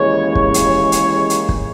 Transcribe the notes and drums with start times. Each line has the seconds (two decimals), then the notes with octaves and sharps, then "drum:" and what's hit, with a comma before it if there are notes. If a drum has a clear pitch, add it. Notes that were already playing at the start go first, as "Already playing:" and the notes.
Already playing: D#2 C#3 E3 G#3 C#5
0.35 C#5, drum: kick
0.54 drum: hi-hat
0.92 drum: hi-hat
1.30 drum: hi-hat
1.49 drum: kick